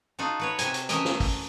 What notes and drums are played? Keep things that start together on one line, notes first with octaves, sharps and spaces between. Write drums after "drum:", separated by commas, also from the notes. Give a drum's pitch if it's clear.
D#4 F4 F#4 A4
F#4 B4 C#5
C3 E5 G#5, drum: hi-hat
drum: hi-hat
E3 A3 C#4 A#4 D#5 E5, drum: hi-hat
drum: snare
drum: kick, open hi-hat